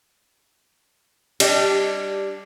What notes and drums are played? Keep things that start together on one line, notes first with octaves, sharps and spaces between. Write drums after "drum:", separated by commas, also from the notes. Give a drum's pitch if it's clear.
G3 D4 G4 D#5, drum: cymbal